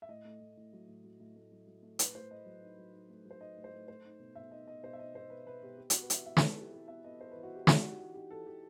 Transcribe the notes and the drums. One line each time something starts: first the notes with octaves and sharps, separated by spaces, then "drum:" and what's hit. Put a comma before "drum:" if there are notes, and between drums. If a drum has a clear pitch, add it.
E5
A2 D#5
A3
A2
A2
F#3
A2
F#3
A2
A3
F#3
F#3
A3
A2 B4, drum: hi-hat
A2 C5
A3 D#5
F#3
D#4
F#3
D#4
A3
F#3
C5
D#4 D#5
A2
C5
A3
A3 C5
D#4
B2
B2 E5
D#4 D#5
B2 D#5
B2 C5
E5
D#4 D#5
B2 C5
B2 B4
B2 B4
B2 G4
B3 G4
B3 F#4, drum: hi-hat
B4
E3 E5, drum: hi-hat
E3 E5
E3 B4, drum: snare
A4
E3 G4
E4 G4
B3 E5
B3 D#5
E4 C5
E3 B4
F#4
E3 G4
E3 F#4, drum: snare
D#4 F#4
G4
E3
D#4 G4
E3 A4
E3 G4